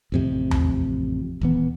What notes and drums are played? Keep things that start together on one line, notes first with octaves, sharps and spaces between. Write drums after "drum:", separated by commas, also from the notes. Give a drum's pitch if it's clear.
A1 F2 C3
drum: tom D#2
D#1 E3 B3